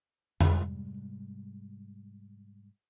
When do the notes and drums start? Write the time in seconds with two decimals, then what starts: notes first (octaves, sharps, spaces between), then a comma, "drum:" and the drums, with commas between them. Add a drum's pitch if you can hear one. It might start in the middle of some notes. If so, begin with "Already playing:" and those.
0.41 G#2 C3 G3 G#3, drum: tom F2